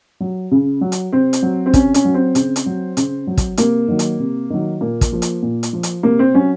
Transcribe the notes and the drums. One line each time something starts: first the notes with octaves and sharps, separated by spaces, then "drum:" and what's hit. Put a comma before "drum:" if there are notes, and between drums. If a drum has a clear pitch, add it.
F#3
C#3
F#3
drum: hi-hat
C3 C4
drum: hi-hat
F#3
C4
C3 C#4, drum: kick, hi-hat
C#4, drum: hi-hat
F#3
C4
C#3, drum: hi-hat
drum: hi-hat
F#3
C#3, drum: hi-hat
F#3
drum: kick, hi-hat
C3 A#3, drum: hi-hat
D#3 F#3
drum: hi-hat
C3
D#3 F#3
A#2 A#3
drum: kick, hi-hat
F3
drum: hi-hat
A#2
drum: hi-hat
F3
drum: hi-hat
C3 A#3
C4
F#3 C#4